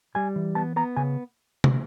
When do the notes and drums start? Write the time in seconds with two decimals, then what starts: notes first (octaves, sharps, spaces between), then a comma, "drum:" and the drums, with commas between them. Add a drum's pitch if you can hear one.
0.15 G3 G#5
0.36 E3
0.55 B3 A5
0.76 B3 A#5
0.97 C#3 G#5
1.64 drum: tom